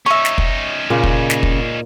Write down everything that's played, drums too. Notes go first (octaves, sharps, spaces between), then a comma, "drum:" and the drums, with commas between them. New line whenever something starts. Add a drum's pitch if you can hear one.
C#4 D#4 E5 C#6
drum: snare
drum: kick
A#2 C#3
drum: kick
drum: snare
drum: kick